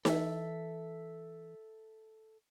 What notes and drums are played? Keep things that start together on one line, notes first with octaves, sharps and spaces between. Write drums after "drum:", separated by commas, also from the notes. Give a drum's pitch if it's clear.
E3 A4 E5, drum: snare D#4